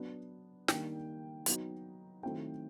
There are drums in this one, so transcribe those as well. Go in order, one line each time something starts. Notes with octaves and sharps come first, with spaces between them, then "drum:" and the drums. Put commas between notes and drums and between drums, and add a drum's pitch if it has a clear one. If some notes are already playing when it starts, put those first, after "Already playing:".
Already playing: F#3 B3 D4
D#3 G3 A#3 D4 G5, drum: snare
F#3 B3 D#4, drum: hi-hat
D#3 F#3 A3 C4 E4 G5